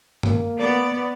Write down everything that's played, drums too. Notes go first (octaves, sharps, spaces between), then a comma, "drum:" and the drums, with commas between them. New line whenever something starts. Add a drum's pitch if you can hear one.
A#3, drum: tom G2
B3 D5